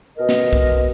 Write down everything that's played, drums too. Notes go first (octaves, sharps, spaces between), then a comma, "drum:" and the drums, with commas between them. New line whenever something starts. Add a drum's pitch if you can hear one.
B2 A#4 D#5
drum: snare
drum: kick